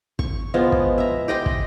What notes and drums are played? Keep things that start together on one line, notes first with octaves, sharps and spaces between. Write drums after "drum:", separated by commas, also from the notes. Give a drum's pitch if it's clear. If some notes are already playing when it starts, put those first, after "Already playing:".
C#6, drum: kick
F3 G#3 B3
drum: kick
E5 A#5
G4 D#5 G5 C6
drum: kick